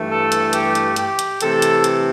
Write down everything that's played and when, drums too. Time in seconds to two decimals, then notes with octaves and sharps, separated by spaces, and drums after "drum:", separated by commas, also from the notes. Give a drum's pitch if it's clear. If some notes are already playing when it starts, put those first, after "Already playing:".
Already playing: G2 E3 A3
0.10 A4
0.32 drum: hi-hat
0.53 G4, drum: hi-hat
0.75 drum: hi-hat
0.96 G4, drum: hi-hat
1.19 drum: hi-hat
1.41 C3 E3 A3 A4, drum: hi-hat
1.62 drum: hi-hat
1.84 drum: hi-hat